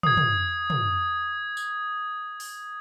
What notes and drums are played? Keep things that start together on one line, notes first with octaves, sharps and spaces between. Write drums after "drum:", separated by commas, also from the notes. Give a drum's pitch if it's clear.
D#6 G#6, drum: tom
drum: tom
drum: tom
drum: tambourine
drum: open hi-hat